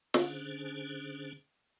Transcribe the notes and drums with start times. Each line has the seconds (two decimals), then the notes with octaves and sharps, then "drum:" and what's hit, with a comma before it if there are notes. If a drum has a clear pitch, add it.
0.14 D3 C#4 D4 G#4 C5, drum: snare